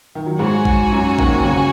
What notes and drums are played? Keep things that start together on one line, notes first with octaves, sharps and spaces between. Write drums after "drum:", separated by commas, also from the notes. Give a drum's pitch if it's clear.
D#3
F#3
G#2 G#3 F#4 C#5 G#5
drum: kick G#1
F#2 F#3
D#2 D#3, drum: kick G#1
C#3